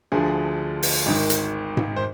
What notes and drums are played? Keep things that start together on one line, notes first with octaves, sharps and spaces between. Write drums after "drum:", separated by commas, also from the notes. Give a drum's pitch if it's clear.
D2 D3 F3 G#4
drum: open hi-hat
G#1 G#2 D#3
drum: hi-hat
drum: tom G#2
C5